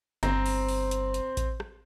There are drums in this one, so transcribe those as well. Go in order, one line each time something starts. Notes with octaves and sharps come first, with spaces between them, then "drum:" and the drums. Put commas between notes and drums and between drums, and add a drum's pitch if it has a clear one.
G1 C4 C5 A#5, drum: hi-hat
drum: open hi-hat
drum: open hi-hat
drum: hi-hat
drum: hi-hat
drum: kick A1, hi-hat
drum: rim click